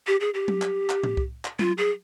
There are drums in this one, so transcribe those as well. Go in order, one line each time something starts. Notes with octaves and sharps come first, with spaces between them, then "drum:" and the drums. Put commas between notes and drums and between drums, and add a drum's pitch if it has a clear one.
G4
G#4
G4
drum: tom F#3
drum: clap
drum: clap
drum: tom A2
drum: kick C2
drum: clap
F4, drum: tom F#3
G#4